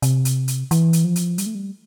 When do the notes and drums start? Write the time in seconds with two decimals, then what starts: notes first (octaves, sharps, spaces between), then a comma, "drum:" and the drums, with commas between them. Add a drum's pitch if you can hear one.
0.02 C3, drum: hi-hat
0.25 drum: hi-hat
0.48 drum: hi-hat
0.71 E3, drum: hi-hat
0.93 drum: hi-hat
1.04 F3
1.16 drum: hi-hat
1.38 G3, drum: hi-hat
1.46 A3
1.55 G3